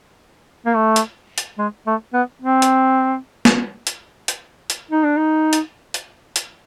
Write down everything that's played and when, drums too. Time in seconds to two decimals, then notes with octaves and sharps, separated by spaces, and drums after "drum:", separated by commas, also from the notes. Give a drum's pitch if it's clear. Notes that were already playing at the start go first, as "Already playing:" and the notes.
0.66 A#3
0.75 A3
0.96 drum: hi-hat
1.38 drum: hi-hat
1.58 G#3
1.87 A3
2.13 B3
2.42 C4
2.62 drum: hi-hat
3.45 drum: snare
3.87 drum: hi-hat
4.28 drum: hi-hat
4.70 drum: hi-hat
4.91 D#4
5.04 D4
5.17 D#4
5.53 drum: hi-hat
5.94 drum: hi-hat
6.36 drum: hi-hat